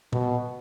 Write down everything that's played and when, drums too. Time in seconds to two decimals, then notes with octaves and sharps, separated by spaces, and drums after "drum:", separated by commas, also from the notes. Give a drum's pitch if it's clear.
0.13 B2, drum: tom A#2